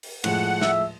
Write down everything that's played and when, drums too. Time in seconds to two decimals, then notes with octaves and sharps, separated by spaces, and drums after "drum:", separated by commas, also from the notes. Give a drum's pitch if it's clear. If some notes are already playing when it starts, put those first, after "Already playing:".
0.03 drum: open hi-hat
0.24 A2 F3 G#3 F#5, drum: cymbal
0.61 E5, drum: snare